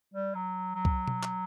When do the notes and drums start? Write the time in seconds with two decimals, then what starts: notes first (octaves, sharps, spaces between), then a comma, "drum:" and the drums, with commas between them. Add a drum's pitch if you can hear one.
0.14 G3
0.34 F#3
0.75 F#3
0.85 drum: kick C2
1.08 drum: tom B2
1.23 drum: clap